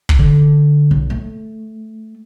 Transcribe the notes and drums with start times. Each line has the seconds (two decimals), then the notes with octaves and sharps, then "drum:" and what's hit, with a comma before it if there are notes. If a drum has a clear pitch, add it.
0.09 drum: kick
0.19 D3
0.91 B1
1.10 A3